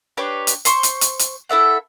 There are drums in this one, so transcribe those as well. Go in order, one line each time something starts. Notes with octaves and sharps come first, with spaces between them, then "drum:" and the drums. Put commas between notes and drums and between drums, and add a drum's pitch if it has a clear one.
D4 G4 B4 C#5
drum: hi-hat
C5 C6 C#6, drum: hi-hat
drum: hi-hat
drum: hi-hat
drum: hi-hat
E4 A4 E5 F#5